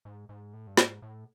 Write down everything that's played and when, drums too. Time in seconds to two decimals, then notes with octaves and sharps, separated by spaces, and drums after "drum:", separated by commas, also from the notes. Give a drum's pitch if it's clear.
0.05 G#2
0.29 G#2
0.53 A2
0.67 G2
0.77 G#2, drum: snare
1.02 A2